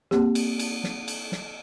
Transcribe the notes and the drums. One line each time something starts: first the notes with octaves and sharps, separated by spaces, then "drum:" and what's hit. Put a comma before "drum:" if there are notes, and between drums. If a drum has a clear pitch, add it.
A#3 C4 G4, drum: snare
drum: cymbal
drum: cymbal
drum: snare
drum: cymbal
drum: snare